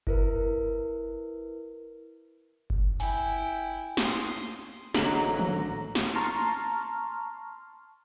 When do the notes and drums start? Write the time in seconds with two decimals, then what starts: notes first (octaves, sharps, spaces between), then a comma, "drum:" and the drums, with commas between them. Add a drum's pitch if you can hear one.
0.07 E4 A#4 B4, drum: kick F#1
2.70 drum: kick F#1
3.00 E4 G5 G#5, drum: open hi-hat
3.97 C6 D#6, drum: snare
4.94 A1 G#2 D3 F#3 A3 A#5 F#7, drum: snare
5.39 drum: tom
5.95 drum: snare
6.15 A5 A#5 C6 C#6 F6